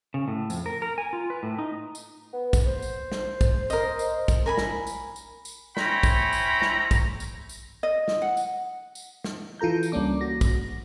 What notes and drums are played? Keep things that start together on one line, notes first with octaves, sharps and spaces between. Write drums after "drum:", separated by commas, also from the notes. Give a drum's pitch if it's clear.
C#3
A2
F2, drum: tambourine
A#4
A#4
G#5
F4
B4
A2
D#4
drum: tambourine
B3
drum: kick, tambourine
C5
drum: tambourine
drum: snare
drum: kick, tambourine
A#4 D#5, drum: tambourine
drum: tambourine
drum: kick, tambourine
A#4 G#5 B5
drum: snare
drum: tambourine
drum: tambourine
drum: tambourine
C#4 E4 C5 G5 A#5 B5, drum: snare
drum: kick, tambourine
drum: tambourine
drum: snare
drum: kick, tambourine
drum: tambourine
drum: tambourine
D#5
drum: snare
F#5
drum: tambourine
drum: tambourine
drum: snare
E3 F4 A4 A#5 G6
drum: tambourine
C#2 G3 A#3 C#4 D4 D6
F#4 A#6
drum: kick, tambourine